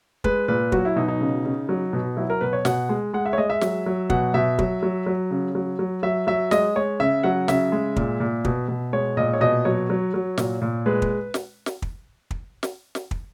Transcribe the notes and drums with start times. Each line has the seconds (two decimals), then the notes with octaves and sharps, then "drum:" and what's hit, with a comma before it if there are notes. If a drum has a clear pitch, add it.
0.24 G#3 B4, drum: kick
0.48 A#2 B4
0.72 F#3 F#4, drum: kick
0.85 E4
0.96 B2 D#4
1.08 D#4
1.21 C#3
1.45 C#3
1.69 F#3
1.93 B2
2.17 F#3 E4
2.30 A#4
2.41 B2 B4
2.53 C#5
2.65 B2 F#5, drum: snare
2.89 G#3
3.13 G#3 F#5
3.26 E5
3.33 C#5
3.38 G#3 D#5
3.50 E5
3.61 F#3, drum: snare
3.86 F#3
4.10 B2 F#5, drum: kick
4.34 B2 E5
4.59 F#3, drum: kick
4.83 F#3
5.06 F#3
5.31 C#3
5.55 F#3
5.79 F#3
6.03 F#3 E5
6.27 F#3 E5
6.51 G#3 D#5, drum: snare
6.75 G#3 C#5
7.00 C#3 E5
7.23 F#3 F#5
7.48 C#3 E5, drum: snare
7.72 G#3
7.96 A#2, drum: kick
8.20 A#2
8.45 B2, drum: kick
8.68 B2
8.93 G#3 C#5
9.17 A#2 D#5
9.33 C#5
9.41 B2 D#5
9.65 F#3 C#5
9.90 F#3
10.14 F#3
10.38 A#2, drum: snare
10.62 A#2
10.86 G#3 B4
11.02 drum: kick
11.34 drum: snare
11.66 drum: snare
11.82 drum: kick
12.31 drum: kick
12.63 drum: snare
12.95 drum: snare
13.11 drum: kick